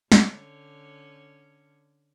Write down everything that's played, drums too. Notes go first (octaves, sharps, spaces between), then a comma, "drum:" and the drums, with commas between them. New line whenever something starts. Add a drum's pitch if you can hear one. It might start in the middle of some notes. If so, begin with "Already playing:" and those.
D3 C#4, drum: snare